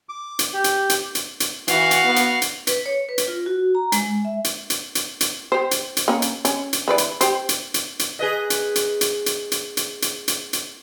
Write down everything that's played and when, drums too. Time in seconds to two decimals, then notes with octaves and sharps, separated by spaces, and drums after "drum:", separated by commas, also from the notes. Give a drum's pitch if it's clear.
0.09 D6
0.39 drum: hi-hat
0.53 G4
0.64 drum: hi-hat
0.89 drum: hi-hat
1.15 drum: hi-hat
1.40 drum: hi-hat
1.68 E3 F#4 F5, drum: hi-hat
1.91 drum: hi-hat
2.05 B3
2.16 drum: hi-hat
2.42 drum: hi-hat
2.67 B4, drum: hi-hat
2.86 C#5
3.09 B4
3.18 drum: hi-hat
3.28 F4
3.46 F#4
3.75 A#5
3.92 G#3, drum: hi-hat
4.25 E5
4.44 drum: hi-hat
4.70 drum: hi-hat
4.95 drum: hi-hat
5.21 drum: hi-hat
5.52 G4 C5
5.71 drum: hi-hat
5.97 drum: hi-hat
6.08 A#3 C#4
6.22 drum: hi-hat
6.45 C#4, drum: hi-hat
6.73 drum: hi-hat
6.88 E3 B4 D5
6.98 drum: hi-hat
7.21 G4 C5, drum: hi-hat
7.49 drum: hi-hat
7.74 drum: hi-hat
7.99 drum: hi-hat
8.19 G#4 B4 D#5
8.50 drum: hi-hat
8.75 drum: hi-hat
9.01 drum: hi-hat
9.26 drum: hi-hat
9.52 drum: hi-hat
9.77 drum: hi-hat
10.02 drum: hi-hat
10.28 drum: hi-hat
10.53 drum: hi-hat